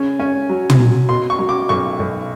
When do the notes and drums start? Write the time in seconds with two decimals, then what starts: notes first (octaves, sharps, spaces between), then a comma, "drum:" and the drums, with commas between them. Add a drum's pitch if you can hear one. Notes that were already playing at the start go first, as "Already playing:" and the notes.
Already playing: C#3 C#4
0.20 C#4
0.49 F#3
0.70 drum: tom
0.79 F#3
1.09 B2 C6
1.30 C#6
1.39 F#3
1.49 D6
1.69 B1 C#6
2.00 B1